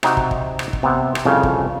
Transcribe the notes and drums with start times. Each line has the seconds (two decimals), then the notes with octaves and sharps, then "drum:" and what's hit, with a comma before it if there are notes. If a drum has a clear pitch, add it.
0.03 C3 D#4 F#4, drum: rim click
0.17 drum: kick
0.31 drum: kick
0.59 drum: rim click
0.73 drum: kick
0.83 C3 B3
1.15 drum: rim click
1.25 C2 F2 C#3
1.43 drum: kick